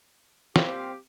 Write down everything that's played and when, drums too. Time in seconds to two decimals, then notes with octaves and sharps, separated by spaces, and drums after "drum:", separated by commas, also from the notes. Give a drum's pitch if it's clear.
0.56 A#2 G3 C4 G4 F5, drum: snare